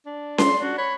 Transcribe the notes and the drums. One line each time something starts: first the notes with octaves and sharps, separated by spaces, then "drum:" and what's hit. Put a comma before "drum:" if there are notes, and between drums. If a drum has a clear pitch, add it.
D4
C6, drum: snare C#4
F#4
C#5 B5